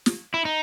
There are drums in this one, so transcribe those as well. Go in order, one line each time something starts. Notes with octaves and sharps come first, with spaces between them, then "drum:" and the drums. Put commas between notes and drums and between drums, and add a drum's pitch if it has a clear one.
drum: snare
E4
D#4